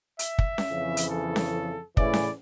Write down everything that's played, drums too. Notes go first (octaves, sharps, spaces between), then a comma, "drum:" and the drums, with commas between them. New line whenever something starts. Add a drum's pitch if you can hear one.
E5, drum: hi-hat
drum: kick
drum: snare C#4
F2 C#3 E3
drum: hi-hat
A4
drum: snare C#4
A2 C#3 E3 D5, drum: kick
drum: snare C#4